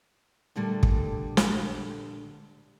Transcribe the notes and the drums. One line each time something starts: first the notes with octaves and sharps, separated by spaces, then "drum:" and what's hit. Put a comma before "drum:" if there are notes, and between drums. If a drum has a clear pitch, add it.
A#2 D3 G3 A3
drum: kick
drum: snare